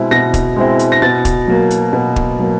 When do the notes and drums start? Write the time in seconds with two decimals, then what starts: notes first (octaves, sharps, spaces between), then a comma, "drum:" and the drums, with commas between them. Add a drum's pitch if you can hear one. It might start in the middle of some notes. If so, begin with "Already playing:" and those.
Already playing: B2 G#3 C4 E4
0.11 B2 A#6
0.34 drum: kick, hi-hat
0.56 G#3 C4 E4
0.79 drum: hi-hat
0.92 A#6
1.02 B2 A6
1.25 drum: kick, hi-hat
1.47 F#3 A#3
1.71 drum: hi-hat
1.93 B2
2.16 drum: kick
2.39 F#3 A#3